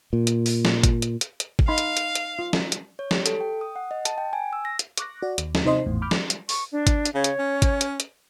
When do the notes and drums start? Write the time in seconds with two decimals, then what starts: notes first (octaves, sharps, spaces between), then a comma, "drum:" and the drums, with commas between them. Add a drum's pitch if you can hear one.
0.13 A#2
0.27 drum: hi-hat
0.46 drum: open hi-hat
0.65 drum: snare
0.84 drum: kick G#1, hi-hat
1.02 drum: hi-hat
1.21 drum: hi-hat
1.40 drum: hi-hat
1.59 drum: kick G#1
1.68 D#4 F5 B5 C6
1.78 drum: hi-hat
1.97 drum: hi-hat
2.15 drum: hi-hat
2.39 F4
2.53 drum: snare
2.72 drum: hi-hat
2.99 C#5
3.11 G4, drum: snare
3.26 A4, drum: hi-hat
3.41 G5
3.61 D#6
3.76 F#5
3.91 D#5
4.05 A5, drum: hi-hat
4.18 G5
4.33 G#5
4.53 E6
4.65 A#6
4.79 drum: hi-hat
4.97 C#6 D6 F#6 A#6, drum: hi-hat
5.22 F#4 D5
5.38 D#2, drum: hi-hat
5.55 drum: snare
5.65 C3 D#4 C5 D#5 C6
5.86 G#1 E2 A2
6.02 B5 D6 F6 G6
6.11 drum: snare
6.30 drum: hi-hat
6.49 C#6, drum: open hi-hat
6.72 D4
6.87 drum: kick G#1, hi-hat
7.05 drum: hi-hat
7.15 C#3 C#5
7.24 drum: hi-hat
7.39 C#4
7.62 drum: kick G#1, hi-hat
7.81 drum: hi-hat
8.00 drum: hi-hat